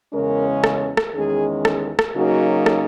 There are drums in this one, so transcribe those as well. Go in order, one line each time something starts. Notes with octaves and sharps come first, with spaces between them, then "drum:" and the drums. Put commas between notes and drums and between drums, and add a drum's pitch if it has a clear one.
E2 C#3 G#3 C#4 A#4
drum: rim click
drum: rim click
E2 D#3 G#3 C#4 G#4
drum: rim click
drum: rim click
C#3 F#3 A#3 D#4 F#4
drum: rim click